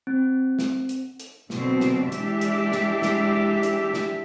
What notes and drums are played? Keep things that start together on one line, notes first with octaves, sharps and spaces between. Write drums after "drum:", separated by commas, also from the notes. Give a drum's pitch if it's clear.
C4
drum: snare
drum: hi-hat
drum: hi-hat
B2 D3 F#3 B3 C4, drum: snare
drum: snare
E3 G#3 D4 G4 E5, drum: hi-hat
drum: hi-hat
drum: snare
drum: snare
drum: hi-hat
drum: snare